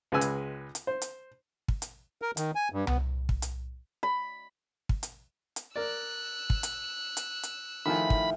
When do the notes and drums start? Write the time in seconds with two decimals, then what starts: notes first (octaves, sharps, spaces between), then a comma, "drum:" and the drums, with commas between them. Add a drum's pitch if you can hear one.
0.12 C#2 G#3 B4 G#5 E6
0.21 drum: hi-hat
0.75 drum: hi-hat
0.87 C5
1.02 drum: hi-hat
1.68 drum: kick
1.82 drum: hi-hat
2.22 A#4
2.37 D#3, drum: hi-hat
2.55 G#5
2.72 G2
2.87 B3, drum: tom C2
3.29 drum: kick
3.42 drum: hi-hat
4.03 B5
4.89 drum: kick
5.03 drum: hi-hat
5.56 drum: hi-hat
5.76 A#4 D5 E6 F#6
6.50 drum: kick
6.63 drum: hi-hat
7.17 drum: hi-hat
7.43 drum: hi-hat
7.86 A2 D#3 F3 F4 G#5 B5
8.10 drum: kick